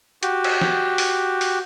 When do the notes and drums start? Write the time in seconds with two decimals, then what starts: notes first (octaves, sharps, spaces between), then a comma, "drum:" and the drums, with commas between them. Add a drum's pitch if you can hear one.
0.23 F#4 G4, drum: hi-hat
0.44 drum: cymbal
0.61 drum: snare
0.98 drum: open hi-hat
1.41 drum: open hi-hat